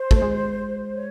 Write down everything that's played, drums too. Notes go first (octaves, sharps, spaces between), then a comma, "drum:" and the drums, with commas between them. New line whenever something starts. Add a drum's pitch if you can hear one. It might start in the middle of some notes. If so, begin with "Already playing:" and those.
Already playing: C5
A3, drum: kick
G#3
C#5